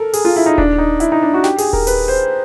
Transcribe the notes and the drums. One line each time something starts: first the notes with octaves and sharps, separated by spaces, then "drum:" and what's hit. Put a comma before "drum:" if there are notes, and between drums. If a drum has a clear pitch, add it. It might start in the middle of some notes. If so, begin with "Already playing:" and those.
Already playing: A4 A#4
G#4, drum: open hi-hat
F4
E4
D#4
D4, drum: kick D#1
D#4
E4, drum: hi-hat
D#4
D4
F#4
G4, drum: snare
G#4, drum: open hi-hat
A#4, drum: kick D#1
B4, drum: open hi-hat
C5